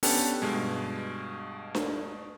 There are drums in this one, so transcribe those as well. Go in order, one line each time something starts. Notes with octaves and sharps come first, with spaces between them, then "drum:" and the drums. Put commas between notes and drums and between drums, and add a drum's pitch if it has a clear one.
B3 C#4 D4 G4 A4, drum: open hi-hat
G2 B2 G#3
drum: snare D4